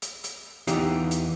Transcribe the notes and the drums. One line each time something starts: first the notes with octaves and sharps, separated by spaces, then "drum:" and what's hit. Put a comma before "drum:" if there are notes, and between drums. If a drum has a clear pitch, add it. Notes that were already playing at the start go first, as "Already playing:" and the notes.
drum: hi-hat
drum: hi-hat
E2 E3 D#4 G4 F5, drum: hi-hat
drum: hi-hat